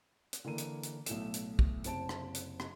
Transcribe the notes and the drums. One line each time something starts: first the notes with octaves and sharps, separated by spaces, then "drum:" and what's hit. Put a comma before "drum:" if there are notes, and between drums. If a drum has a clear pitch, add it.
drum: hi-hat
D3 E3 A#3 D#7
drum: hi-hat
drum: hi-hat
B1 A2 A3 E7, drum: hi-hat
drum: hi-hat
drum: kick
F#1 C3 C5 A5 D7, drum: hi-hat
drum: rim click
drum: hi-hat
drum: rim click